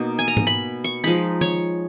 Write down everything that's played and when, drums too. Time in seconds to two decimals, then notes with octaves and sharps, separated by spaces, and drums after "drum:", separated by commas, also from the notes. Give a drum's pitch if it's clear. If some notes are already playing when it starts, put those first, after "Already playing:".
Already playing: B2 A#3 D#4
0.19 G#5
0.28 A#5
0.37 drum: tom G#2
0.47 B5
0.84 C#6
1.04 F3 G#3 D#4 B5
1.41 C#5, drum: tom